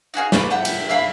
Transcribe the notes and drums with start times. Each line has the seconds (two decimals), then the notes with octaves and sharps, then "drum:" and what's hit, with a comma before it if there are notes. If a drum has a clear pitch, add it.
0.14 D#4 F#4 G#4 F5
0.32 A3 A#3 B4 D6, drum: snare
0.50 E5 F#5 G5 A5
0.65 drum: cymbal
0.90 E5 F5 A#5 B5